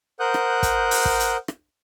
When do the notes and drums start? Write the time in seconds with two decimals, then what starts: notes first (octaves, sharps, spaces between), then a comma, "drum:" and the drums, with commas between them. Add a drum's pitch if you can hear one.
0.20 A#4 C5 F#5 D#6 F#6 G6
0.34 drum: rim click
0.63 drum: kick, hi-hat
0.91 drum: open hi-hat
1.05 drum: kick
1.20 drum: hi-hat
1.48 drum: rim click